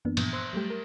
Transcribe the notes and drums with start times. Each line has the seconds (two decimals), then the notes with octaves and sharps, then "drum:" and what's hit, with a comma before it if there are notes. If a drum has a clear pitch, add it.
0.05 F#2 E3 A#3 B3 D4
0.17 G2 A#2 E3 F3 B3, drum: cymbal
0.33 C5 C6 E6 F#6
0.53 F#3 G3 A3 G4
0.70 A#4